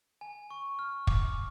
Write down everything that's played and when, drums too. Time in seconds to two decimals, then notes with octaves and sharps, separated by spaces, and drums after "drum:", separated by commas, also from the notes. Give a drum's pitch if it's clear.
0.21 G#5
0.50 C#6
0.79 F6
1.07 D6, drum: kick